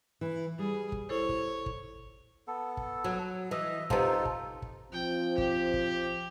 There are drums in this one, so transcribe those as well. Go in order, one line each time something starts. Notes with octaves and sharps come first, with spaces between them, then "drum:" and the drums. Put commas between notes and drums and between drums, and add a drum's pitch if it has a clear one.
E3
G3 G#4
drum: kick
E4 A4 C5 C#5
drum: kick
drum: kick
B3 A4
drum: kick
F#3
E3 D#5 E5
C3 B3 D#4 F4 A4, drum: kick
drum: kick
drum: kick
F3 C4 G5
G4, drum: kick
drum: kick